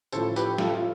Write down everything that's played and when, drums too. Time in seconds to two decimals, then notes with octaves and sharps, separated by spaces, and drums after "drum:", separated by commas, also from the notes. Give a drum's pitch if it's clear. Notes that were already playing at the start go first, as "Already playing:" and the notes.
0.12 A1 A2 F3 A4 C5, drum: tambourine
0.36 G4 B4, drum: tambourine
0.58 F4 A4, drum: snare
0.74 F4